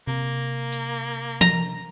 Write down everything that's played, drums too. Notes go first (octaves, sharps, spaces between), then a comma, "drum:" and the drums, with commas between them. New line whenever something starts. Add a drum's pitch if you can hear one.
C3 A#3
drum: hi-hat
A#5, drum: tom E3